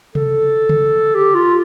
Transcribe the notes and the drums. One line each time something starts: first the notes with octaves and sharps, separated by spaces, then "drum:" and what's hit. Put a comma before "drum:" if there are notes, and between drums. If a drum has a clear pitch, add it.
A4, drum: tom C3
drum: tom C#3
G4
F4